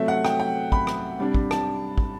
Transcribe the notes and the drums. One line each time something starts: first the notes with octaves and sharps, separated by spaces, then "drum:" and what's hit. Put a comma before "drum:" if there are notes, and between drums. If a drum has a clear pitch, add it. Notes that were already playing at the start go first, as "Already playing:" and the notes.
Already playing: C3 F#3 A3 C4 E5
F#5
G5, drum: rim click
G5
B5, drum: kick
drum: rim click
C3 G3 D4
drum: kick
A5, drum: rim click
drum: kick